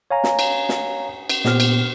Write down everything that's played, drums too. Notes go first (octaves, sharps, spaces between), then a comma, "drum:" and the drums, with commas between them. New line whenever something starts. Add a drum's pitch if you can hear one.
C#5 F5 G#5 A#5
drum: snare
drum: cymbal
drum: snare
drum: cymbal
A#2 B3 G4 C5 F6, drum: snare
drum: cymbal